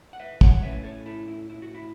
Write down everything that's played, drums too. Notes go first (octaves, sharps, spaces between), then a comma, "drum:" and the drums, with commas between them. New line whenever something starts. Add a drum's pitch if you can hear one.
F#5
B4 E5
C#5 F#5, drum: kick
A2 A3 C#4 B4 E5
A4 C#5
E4 A4
E4
E4
F#4
E4